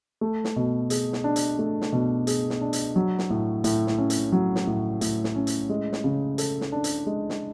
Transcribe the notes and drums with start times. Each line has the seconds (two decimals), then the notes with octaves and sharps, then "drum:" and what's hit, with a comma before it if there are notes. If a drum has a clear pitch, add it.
0.21 A3
0.44 drum: snare
0.56 B2
0.90 G#4, drum: hi-hat
1.13 drum: snare
1.24 D4
1.36 drum: hi-hat
1.59 A3
1.81 drum: snare
1.92 B2
2.27 G#4, drum: hi-hat
2.50 drum: snare
2.61 D4
2.73 drum: hi-hat
2.96 F#3
3.18 drum: snare
3.30 A2
3.64 A2, drum: hi-hat
3.87 drum: snare
3.98 C#4
4.10 drum: hi-hat
4.32 F#3
4.56 drum: snare
4.67 A2
5.01 A2, drum: hi-hat
5.24 drum: snare
5.35 C#4
5.47 drum: hi-hat
5.70 G#3
5.93 drum: snare
6.04 C#3
6.38 A4, drum: hi-hat
6.61 drum: snare
6.72 D4
6.84 drum: hi-hat
7.06 G#3
7.30 drum: snare